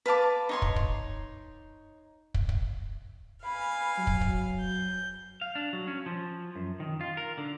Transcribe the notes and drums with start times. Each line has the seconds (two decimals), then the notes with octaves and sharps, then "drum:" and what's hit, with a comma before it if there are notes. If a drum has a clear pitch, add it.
0.06 B4 F5 A5 D6
0.49 D#4 C#5 C6
0.62 drum: kick
0.76 drum: kick
2.34 drum: kick
2.49 drum: kick
3.43 F5 G#5 B5
3.98 F#3
4.07 drum: kick
4.21 drum: kick
4.62 G6
5.41 F5
5.55 D4
5.73 F#3
5.87 C#4
6.06 F3
6.56 F#2
6.80 D#3
7.01 F4
7.17 A#4
7.38 D3